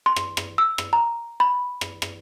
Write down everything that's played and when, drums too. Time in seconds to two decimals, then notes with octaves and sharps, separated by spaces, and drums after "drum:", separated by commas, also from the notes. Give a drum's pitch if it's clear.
0.06 C6
0.16 drum: rim click
0.37 drum: rim click
0.58 E6
0.78 drum: rim click
0.93 A#5
1.40 B5
1.81 drum: rim click
2.02 drum: rim click